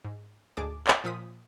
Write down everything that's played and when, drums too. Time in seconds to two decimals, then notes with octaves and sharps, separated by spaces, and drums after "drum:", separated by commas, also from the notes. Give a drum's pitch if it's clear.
0.05 G#2
0.57 D2 G#2 G#4 A5 D6
0.87 drum: clap
1.04 A#2 F3 F4 D#6 B6